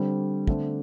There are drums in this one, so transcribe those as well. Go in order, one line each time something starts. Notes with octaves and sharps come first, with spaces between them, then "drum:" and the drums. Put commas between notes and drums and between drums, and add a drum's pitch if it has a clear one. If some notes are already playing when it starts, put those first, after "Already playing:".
Already playing: D3 G3 C4
D3 A3 C4, drum: kick